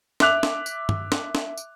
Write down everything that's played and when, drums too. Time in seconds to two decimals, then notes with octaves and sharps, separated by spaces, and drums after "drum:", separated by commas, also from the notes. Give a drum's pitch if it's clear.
0.20 E5 D6 F#6 F7, drum: snare
0.43 drum: snare
0.66 drum: tambourine
0.89 drum: tom G2
1.12 drum: snare
1.35 drum: snare
1.57 drum: tambourine